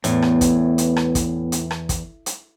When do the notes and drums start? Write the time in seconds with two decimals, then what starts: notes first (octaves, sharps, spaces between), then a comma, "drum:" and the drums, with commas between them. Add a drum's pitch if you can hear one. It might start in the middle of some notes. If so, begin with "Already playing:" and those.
0.04 E2 A2 B3, drum: hi-hat
0.22 drum: rim click
0.41 drum: kick, hi-hat
0.78 drum: hi-hat
0.96 drum: rim click
1.15 drum: kick, hi-hat
1.52 drum: hi-hat
1.71 drum: rim click
1.89 drum: kick, hi-hat
2.26 drum: hi-hat